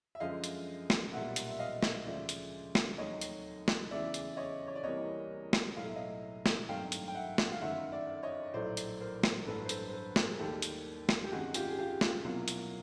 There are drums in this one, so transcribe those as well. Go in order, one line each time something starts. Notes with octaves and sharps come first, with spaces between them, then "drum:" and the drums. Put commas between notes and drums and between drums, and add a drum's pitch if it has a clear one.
E5
F#2 D3 F3 G#3 D#5 F5
drum: hi-hat
drum: snare
B1 A#2 G3 A#3 E5 F#5
drum: hi-hat
E5
D#5 F5
drum: snare
D2 C#3 F3 G#3 D5 E5
drum: hi-hat
drum: snare
F1 D#2 D#3 F#3 C#5 D#5
drum: hi-hat
drum: snare
E2 C#3 E3 D5 E5
drum: hi-hat
C#5 D#5
C#5
D5
C2 C3 E3 G3 A#3 C#5 D#5
drum: snare
B1 A2 F#3 A3 F5
E5
D#5 F5
drum: snare
G#1 G2 D#3 F#3 A3 F5 G5
drum: hi-hat
G5
E5 F#5
drum: snare
F5
G1 F#2 D#3 E5 F#5
D5 E5
C#5 D#5
A#1 A2 F#3 A3 C5 D5
drum: hi-hat
A#4 C5
drum: snare
A1 G2 D3 F#3 A4 B4
C5
A4 B4, drum: hi-hat
C5
A4 B4
G#4 A#4, drum: snare
G#4
D#2 D#3 G3 A#3 G4 A4
drum: hi-hat
drum: snare
G4
G#1 F#2 D#3 F#4 G#4
F4 G4, drum: hi-hat
G#4
F4 G4
F4, drum: snare
C2 B2 F#3 A#3 F4
drum: hi-hat